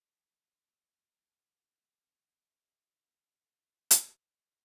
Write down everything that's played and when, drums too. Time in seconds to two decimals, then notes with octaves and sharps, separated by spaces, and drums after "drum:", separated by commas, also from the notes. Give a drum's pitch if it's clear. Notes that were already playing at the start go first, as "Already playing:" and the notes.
Already playing: F5
0.09 A5
0.18 E2 C3 F3 A3 D4 G5
0.64 A2 F3 A#3 F4 A5
1.11 A2 F3 A#3 F4 A#5
1.57 D3 G3 A#3 D6
1.93 D6
2.03 D3 G3 A#3 C6
2.50 C3 G3 D4 A4 E5
2.60 D5
2.69 E5
2.96 C3 G3 D4 A4 F5
3.42 E3 A3 D4 F4 A4 F5
3.91 drum: hi-hat